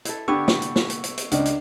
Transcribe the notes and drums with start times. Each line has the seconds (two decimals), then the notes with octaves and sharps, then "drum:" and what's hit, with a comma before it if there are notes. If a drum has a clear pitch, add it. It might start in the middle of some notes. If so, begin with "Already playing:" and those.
0.05 E4 A4, drum: hi-hat
0.28 D3 B3 D4 E4 G4 C#6 E6
0.48 drum: snare
0.62 drum: hi-hat
0.76 drum: snare
0.90 drum: hi-hat
1.04 drum: hi-hat
1.18 drum: hi-hat
1.31 C#2 C#3 D4 D#5, drum: hi-hat
1.45 drum: hi-hat